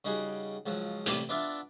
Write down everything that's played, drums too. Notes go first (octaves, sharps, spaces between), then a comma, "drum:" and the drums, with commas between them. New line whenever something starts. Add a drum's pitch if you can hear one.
C#3 G3 D#4 F#4 G#4
C#2 F3 F#3
A1 C3 G3 D6, drum: hi-hat
B3 D4 F4 D5 E5 A5